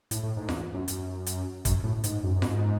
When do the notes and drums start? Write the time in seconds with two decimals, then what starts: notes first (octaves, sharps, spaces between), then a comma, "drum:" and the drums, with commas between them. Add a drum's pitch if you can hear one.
0.11 A2, drum: hi-hat
0.23 A2
0.37 G#2
0.49 E2, drum: snare F4
0.74 F#2
0.88 F#2, drum: hi-hat
1.26 drum: hi-hat
1.65 F#2, drum: kick, hi-hat
1.84 A2
2.04 G#2, drum: hi-hat
2.24 F#2
2.36 F#2
2.42 G#2, drum: snare F4